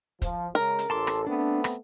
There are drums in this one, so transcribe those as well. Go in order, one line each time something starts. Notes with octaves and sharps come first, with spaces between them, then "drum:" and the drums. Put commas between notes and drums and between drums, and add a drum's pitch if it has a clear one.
F3, drum: kick, hi-hat
C#3 G#3 A#4
drum: hi-hat
A1 A4 A5 C6 D6
drum: rim click
A3 B3 C4 D4
drum: rim click